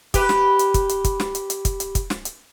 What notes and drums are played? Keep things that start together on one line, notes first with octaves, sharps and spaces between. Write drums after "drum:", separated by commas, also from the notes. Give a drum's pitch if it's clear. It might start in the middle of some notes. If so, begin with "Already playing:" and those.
G4 B4, drum: kick, hi-hat
drum: snare
drum: hi-hat
drum: kick, hi-hat
drum: hi-hat
drum: kick, hi-hat
drum: snare
drum: hi-hat
drum: hi-hat
drum: kick, hi-hat
drum: hi-hat
drum: kick, hi-hat
drum: snare
drum: hi-hat